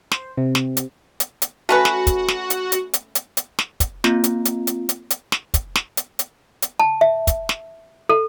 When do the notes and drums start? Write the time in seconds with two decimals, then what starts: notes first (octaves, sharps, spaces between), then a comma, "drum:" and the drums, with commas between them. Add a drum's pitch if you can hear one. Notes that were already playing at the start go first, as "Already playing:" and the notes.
0.12 C5, drum: snare
0.37 C3
0.55 drum: snare
0.77 drum: hi-hat
1.20 drum: hi-hat
1.42 drum: hi-hat
1.69 A3 C#4 F#4 B4
1.85 drum: snare
2.07 drum: kick, hi-hat
2.28 drum: snare
2.50 drum: hi-hat
2.72 drum: hi-hat
2.94 drum: hi-hat
3.15 drum: hi-hat
3.37 drum: hi-hat
3.59 drum: snare
3.80 drum: kick, hi-hat
4.04 A#3 C4 F4, drum: snare
4.24 drum: hi-hat
4.45 drum: hi-hat
4.67 drum: hi-hat
4.89 drum: hi-hat
5.10 drum: hi-hat
5.32 drum: snare
5.54 drum: kick, hi-hat
5.75 drum: snare
5.97 drum: hi-hat
6.19 drum: hi-hat
6.62 drum: hi-hat
6.80 A5
7.01 E5
7.27 drum: kick, hi-hat
7.49 drum: snare
8.09 A4